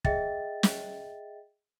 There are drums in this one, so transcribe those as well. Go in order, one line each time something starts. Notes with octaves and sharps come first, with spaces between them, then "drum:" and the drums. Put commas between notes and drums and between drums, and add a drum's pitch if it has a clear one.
G#4 D#5 E5 G5 A6, drum: kick
drum: snare